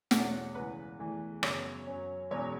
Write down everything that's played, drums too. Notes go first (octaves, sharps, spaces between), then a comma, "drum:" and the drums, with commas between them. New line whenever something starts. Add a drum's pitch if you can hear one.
E2 B2 A3 C#4 F#5, drum: snare
C#2 C#3 E3 B4
E2 E3 A3
F#2 C#3 F#3 B3 C#5, drum: rim click
F#2 F#3 C#4
E1 E2 B2 F#3 C#4 C#5